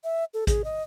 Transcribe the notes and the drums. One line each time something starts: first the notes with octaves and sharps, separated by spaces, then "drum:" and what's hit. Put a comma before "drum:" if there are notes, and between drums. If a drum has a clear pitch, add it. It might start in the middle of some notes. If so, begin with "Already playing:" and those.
E5
A4
G#4, drum: kick A1, hi-hat
D#5